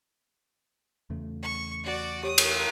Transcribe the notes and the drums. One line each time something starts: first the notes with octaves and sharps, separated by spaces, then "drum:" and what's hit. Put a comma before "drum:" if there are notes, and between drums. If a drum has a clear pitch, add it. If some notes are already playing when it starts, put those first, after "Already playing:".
E2 C#3 A3
C#6
F#4 D5
G4 C#5 D#6
drum: cymbal